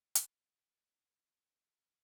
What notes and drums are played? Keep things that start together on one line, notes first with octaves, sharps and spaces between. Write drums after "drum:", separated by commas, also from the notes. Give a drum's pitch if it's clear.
drum: hi-hat
E3 F5
F#4
E4 C5
G#4